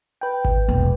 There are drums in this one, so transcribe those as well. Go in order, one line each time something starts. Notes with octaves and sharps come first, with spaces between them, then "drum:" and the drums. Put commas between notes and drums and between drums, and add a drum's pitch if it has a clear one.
B4 G5
drum: kick G#1
E1 A#1